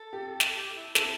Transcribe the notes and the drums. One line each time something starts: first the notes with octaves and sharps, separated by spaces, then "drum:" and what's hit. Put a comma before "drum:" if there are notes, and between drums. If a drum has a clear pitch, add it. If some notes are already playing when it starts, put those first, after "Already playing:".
Already playing: A4
G4
drum: snare
G4
E4
A4, drum: snare